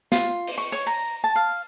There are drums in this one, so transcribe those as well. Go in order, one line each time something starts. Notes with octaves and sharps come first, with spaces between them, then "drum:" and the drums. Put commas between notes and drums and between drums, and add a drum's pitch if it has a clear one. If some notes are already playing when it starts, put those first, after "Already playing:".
F4, drum: snare
drum: open hi-hat
C#6
C#5
A#5
A5
F5